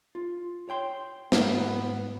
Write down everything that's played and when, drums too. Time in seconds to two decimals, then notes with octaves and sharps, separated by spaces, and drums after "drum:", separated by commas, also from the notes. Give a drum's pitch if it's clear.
0.15 F4
0.69 C#5 G5 C6
1.32 G#2 B3, drum: snare